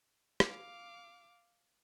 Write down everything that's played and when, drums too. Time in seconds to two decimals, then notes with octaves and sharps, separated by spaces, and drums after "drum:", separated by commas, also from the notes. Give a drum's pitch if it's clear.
0.40 F5 D6, drum: rim click